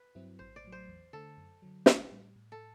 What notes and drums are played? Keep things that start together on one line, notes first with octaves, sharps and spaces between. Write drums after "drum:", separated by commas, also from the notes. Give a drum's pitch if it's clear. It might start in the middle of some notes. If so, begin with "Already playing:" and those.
Already playing: B4
G2 F#3 C4 E4
A1 C5
D5
A2 F#3
C5
E2
D3 A3 A4
F#2
D3 F#3
A1, drum: snare
A2 G3
A2
A4